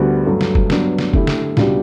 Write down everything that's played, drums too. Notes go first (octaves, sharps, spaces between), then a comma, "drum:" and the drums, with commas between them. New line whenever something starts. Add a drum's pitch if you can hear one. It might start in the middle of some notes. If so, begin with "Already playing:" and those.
Already playing: D2 D3 G3 B3 F#4
G2 F#3 A3
drum: snare
drum: kick F#1
G2 F#3 B3 D4, drum: snare
drum: snare
D3 A3 E4 G4, drum: kick F#1
drum: snare
C#2 B2 G3 D4 G4, drum: snare